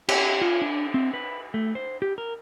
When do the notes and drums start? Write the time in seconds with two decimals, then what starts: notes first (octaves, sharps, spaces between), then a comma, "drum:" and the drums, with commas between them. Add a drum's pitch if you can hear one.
0.09 G4, drum: cymbal
0.41 F4
0.62 D4
0.94 C4
1.13 B4
1.54 A3
1.75 C5
2.02 G4
2.18 A#4